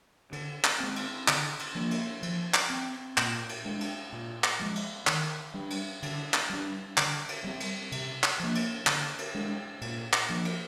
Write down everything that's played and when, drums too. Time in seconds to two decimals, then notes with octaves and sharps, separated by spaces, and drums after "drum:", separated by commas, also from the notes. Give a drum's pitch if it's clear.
0.33 D3, drum: cymbal
0.64 drum: clap
0.80 G#3 C4
0.96 drum: cymbal
1.28 D3, drum: clap
1.59 drum: cymbal
1.75 F3 A#3 D4
1.91 drum: cymbal
2.23 F3, drum: cymbal
2.54 drum: clap
2.70 C4
3.18 A#2, drum: clap
3.49 drum: cymbal
3.65 G#3 D4
3.81 drum: cymbal
4.12 A#2
4.44 drum: clap
4.59 F3 G#3
4.75 drum: cymbal
5.07 D#3, drum: clap
5.54 G3 D4
5.70 drum: cymbal
6.03 D3, drum: cymbal
6.34 drum: clap
6.50 G3 D4
6.97 D3, drum: clap
7.29 drum: cymbal
7.44 G3 C4
7.60 drum: cymbal
7.92 C3, drum: cymbal
8.23 drum: clap
8.40 F3 A#3
8.55 drum: cymbal
8.87 D3, drum: clap
9.18 drum: cymbal
9.35 G#3 D4
9.81 A#2, drum: cymbal
10.13 drum: clap
10.30 F3 A#3 D4
10.45 drum: cymbal